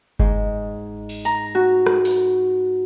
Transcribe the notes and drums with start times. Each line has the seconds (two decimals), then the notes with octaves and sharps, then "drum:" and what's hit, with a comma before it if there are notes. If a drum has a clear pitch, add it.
0.19 G#2, drum: kick G1
1.09 drum: cymbal
1.25 A#5, drum: hi-hat
1.55 F#4
1.86 drum: rim click
2.05 drum: open hi-hat